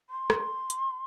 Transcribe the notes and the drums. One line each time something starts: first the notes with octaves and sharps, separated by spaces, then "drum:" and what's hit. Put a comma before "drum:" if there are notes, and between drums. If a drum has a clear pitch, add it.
C6
drum: rim click
drum: hi-hat